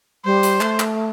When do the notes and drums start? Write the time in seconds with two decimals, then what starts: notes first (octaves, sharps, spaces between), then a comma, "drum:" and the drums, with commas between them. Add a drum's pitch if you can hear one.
0.25 G3 C5
0.43 drum: hi-hat
0.61 A3, drum: clap
0.80 drum: clap